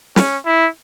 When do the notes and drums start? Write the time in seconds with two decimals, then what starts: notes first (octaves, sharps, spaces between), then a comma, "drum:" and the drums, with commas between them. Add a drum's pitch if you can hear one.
0.16 C#4, drum: snare
0.46 E4